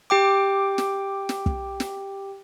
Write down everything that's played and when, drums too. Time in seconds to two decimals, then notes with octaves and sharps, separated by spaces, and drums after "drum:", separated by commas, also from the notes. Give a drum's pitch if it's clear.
0.10 G4 G5 D6
0.78 drum: snare
1.29 drum: snare
1.46 drum: kick
1.80 drum: snare